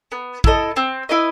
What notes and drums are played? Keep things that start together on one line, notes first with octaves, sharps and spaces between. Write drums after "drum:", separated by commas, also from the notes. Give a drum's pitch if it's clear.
B3
E4 A4 D#5, drum: kick
C4
E4 B4 D#5